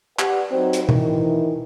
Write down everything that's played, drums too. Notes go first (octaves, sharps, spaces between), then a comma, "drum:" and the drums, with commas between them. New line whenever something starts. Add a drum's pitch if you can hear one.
G4 B4 D5 F#5, drum: clap
F#3 C4 D#4 F#4
drum: hi-hat
D#3 E3, drum: tom B2